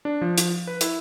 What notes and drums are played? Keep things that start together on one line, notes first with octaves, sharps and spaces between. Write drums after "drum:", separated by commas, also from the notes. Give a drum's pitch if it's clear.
D4
F3
drum: hi-hat
B4
E4, drum: hi-hat